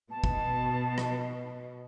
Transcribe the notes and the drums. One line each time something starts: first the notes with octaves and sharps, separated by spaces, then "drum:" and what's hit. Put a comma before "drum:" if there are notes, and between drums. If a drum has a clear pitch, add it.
B2 A5
drum: kick
drum: rim click